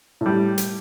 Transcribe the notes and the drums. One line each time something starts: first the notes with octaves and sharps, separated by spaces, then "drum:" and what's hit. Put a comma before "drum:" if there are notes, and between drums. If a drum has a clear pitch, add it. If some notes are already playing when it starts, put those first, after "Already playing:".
A2 G3
drum: hi-hat